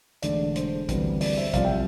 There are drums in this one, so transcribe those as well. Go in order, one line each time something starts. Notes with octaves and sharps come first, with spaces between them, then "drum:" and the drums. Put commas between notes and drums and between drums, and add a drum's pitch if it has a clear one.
E1 E2 D3 A3 D5, drum: hi-hat
C5, drum: hi-hat
D2 C3 E3 G3 B3, drum: kick, hi-hat
D5, drum: open hi-hat
C5 E5
C2 C3 F3 D5 F5, drum: kick, hi-hat
E5 G5